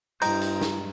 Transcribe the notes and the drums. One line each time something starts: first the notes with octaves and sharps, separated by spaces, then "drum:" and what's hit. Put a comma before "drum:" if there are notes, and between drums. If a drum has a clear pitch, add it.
G2 E4 C5 D#5 G5 A#5, drum: hi-hat
drum: hi-hat
drum: snare